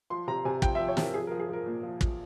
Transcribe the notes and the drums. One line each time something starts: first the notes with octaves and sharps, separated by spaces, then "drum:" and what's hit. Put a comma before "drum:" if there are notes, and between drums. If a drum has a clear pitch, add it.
F3 C6
C3 A#5
C3 G#5
F3 G5, drum: kick
F3 E5
C#5
C3 A#4, drum: snare
F3 G#4
F3 A#4
G#4
F3 A#4
A#2
F3
F3, drum: kick